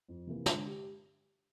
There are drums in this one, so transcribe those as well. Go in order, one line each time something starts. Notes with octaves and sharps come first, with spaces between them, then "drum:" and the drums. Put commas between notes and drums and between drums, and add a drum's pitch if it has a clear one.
F2
C3 E3 A#3
D3, drum: snare
G4